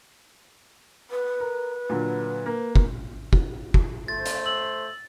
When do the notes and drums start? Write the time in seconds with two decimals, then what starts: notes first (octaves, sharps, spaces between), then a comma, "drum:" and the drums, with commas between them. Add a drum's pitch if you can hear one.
1.11 B4
1.40 A#4
1.89 A#2 D3 F#3
2.46 A#3
2.76 drum: kick
3.33 drum: kick
3.74 drum: kick
4.08 A3 C5 A6
4.26 drum: hi-hat
4.46 E6 F#7